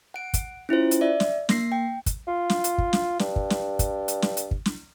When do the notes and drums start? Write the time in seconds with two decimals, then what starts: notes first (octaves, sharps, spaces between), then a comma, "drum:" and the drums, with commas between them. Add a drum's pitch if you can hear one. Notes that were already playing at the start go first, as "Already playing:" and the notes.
0.14 F#5 D7
0.34 drum: kick, hi-hat
0.69 C#4 E4 F4 C5
0.91 drum: hi-hat
1.01 D5 E5
1.20 drum: snare
1.49 A#3 A#6 C7, drum: snare
1.72 G5
2.06 drum: kick, hi-hat
2.27 F4
2.50 drum: snare
2.64 drum: hi-hat
2.78 drum: kick
2.93 drum: snare
3.19 G2, drum: snare
3.36 drum: kick
3.50 drum: snare
3.79 drum: kick, hi-hat
4.08 drum: hi-hat
4.22 drum: snare
4.37 drum: hi-hat
4.51 drum: kick
4.66 drum: snare